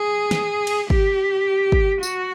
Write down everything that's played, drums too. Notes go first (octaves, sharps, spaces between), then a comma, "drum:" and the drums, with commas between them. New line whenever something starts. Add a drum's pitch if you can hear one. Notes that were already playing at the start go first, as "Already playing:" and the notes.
Already playing: G#4
drum: snare
drum: cymbal
G4, drum: kick
drum: kick
F#4, drum: tambourine